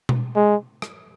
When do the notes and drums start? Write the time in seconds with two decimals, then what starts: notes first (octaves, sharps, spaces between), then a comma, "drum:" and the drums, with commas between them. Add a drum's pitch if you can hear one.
0.09 drum: tom B2
0.36 G#3
0.82 drum: rim click